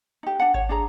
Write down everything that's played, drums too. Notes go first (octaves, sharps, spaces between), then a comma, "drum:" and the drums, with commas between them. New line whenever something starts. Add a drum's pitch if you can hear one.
D#4 G4
D4 F#5
C#5, drum: kick G#1
D4 G#4 A#5